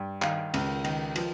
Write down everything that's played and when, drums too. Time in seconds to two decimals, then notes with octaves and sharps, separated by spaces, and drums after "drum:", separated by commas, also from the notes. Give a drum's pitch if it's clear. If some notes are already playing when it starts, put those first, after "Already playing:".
Already playing: G2
0.22 D#3 F5, drum: clap
0.54 C#2, drum: cymbal
0.84 D#3, drum: cymbal
1.16 F3, drum: cymbal